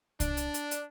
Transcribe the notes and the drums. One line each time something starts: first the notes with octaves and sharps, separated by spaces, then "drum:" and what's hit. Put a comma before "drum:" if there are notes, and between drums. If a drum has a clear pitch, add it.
D4, drum: kick C2, hi-hat
drum: hi-hat
drum: hi-hat
drum: hi-hat